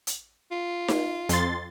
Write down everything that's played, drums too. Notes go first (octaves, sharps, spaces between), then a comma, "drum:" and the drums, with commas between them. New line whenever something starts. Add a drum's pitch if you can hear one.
drum: hi-hat
F4
drum: snare D#4
F2 C6 A6, drum: hi-hat